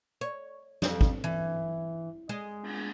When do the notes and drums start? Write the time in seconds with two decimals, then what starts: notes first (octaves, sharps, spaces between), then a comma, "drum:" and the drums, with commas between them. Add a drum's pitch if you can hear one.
0.21 C#5
0.82 F2, drum: snare
1.01 drum: kick
1.24 E3
2.29 G#3
2.63 drum: cymbal